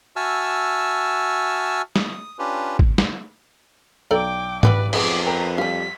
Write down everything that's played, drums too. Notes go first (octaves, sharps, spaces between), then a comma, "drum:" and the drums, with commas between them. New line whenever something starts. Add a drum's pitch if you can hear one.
F#4 E5 G#5 A5 E6 F6
D#6, drum: snare
C#4 D4 F4 G4 B4
drum: kick
drum: snare
B1 A4 D5 G5 A#5 D6
G3 B3 F#4 B4 D5, drum: tom G#2
F2 G#3 B3 G#4 D6, drum: cymbal
A#4 B4 G5 A#5
F3 G3 F5 B6